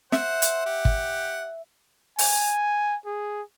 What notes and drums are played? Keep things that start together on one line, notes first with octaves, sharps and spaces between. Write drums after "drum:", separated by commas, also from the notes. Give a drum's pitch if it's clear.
C5 E5 F#5, drum: snare
drum: hi-hat
G4 F#5
drum: kick
G#5, drum: open hi-hat
G#4